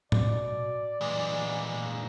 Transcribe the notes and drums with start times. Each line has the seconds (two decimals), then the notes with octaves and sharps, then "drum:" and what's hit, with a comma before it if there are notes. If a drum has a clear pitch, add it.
0.12 B2 D5, drum: tom A2
1.01 A#2 E3 G#3